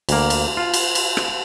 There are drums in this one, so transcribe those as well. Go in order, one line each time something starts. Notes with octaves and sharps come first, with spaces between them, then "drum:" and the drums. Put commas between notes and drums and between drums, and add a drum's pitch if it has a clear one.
D2 A#3, drum: cymbal
drum: cymbal
F4
drum: cymbal
drum: cymbal
drum: rim click